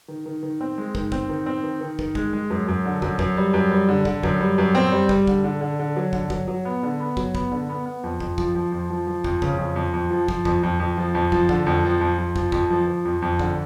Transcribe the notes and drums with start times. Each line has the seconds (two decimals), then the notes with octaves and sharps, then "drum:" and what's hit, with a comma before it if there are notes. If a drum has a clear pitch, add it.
0.08 D#3
0.26 D#3
0.43 D#3
0.61 C4
0.78 G#3
0.95 D#3, drum: kick
1.12 C4, drum: kick
1.29 D#3
1.46 C4
1.63 D#3
1.81 D#3
1.99 D#3, drum: kick
2.15 G#3, drum: kick
2.33 G#3
2.50 F#2
2.68 F#2
2.85 D3
3.02 F#2, drum: kick
3.19 F#2, drum: kick
3.37 G3
3.54 F#2
3.71 G3
3.89 D3
4.05 D3, drum: kick
4.23 F#2, drum: kick
4.41 G3
4.58 F#2
4.75 C4
4.92 G3
5.09 G3, drum: kick
5.27 D3, drum: kick
5.44 D3
5.61 D3
5.79 D3
5.96 F#3
6.13 D3, drum: kick
6.30 F#3, drum: kick
6.48 F#3
6.65 B3
6.83 D3
7.00 B3
7.17 F#3, drum: kick
7.35 B3, drum: kick
7.52 D3
7.69 B3
7.86 B3
8.04 F2
8.20 F2, drum: kick
8.38 F3, drum: kick
8.55 F3
8.72 F2
8.90 F3
9.07 F3
9.24 F2, drum: kick
9.42 C#3, drum: kick
9.58 F2
9.76 F2
9.94 F2
10.10 F3
10.28 F3, drum: kick
10.45 F2, drum: kick
10.63 F2
10.80 F2
10.97 F3
11.15 F2
11.32 F3, drum: kick
11.49 D3, drum: kick
11.67 F2
11.84 F3
12.01 F2
12.18 F2
12.36 F3, drum: kick
12.52 F2, drum: kick
12.70 F3
12.87 F3
13.05 F2
13.22 F2
13.39 D3, drum: kick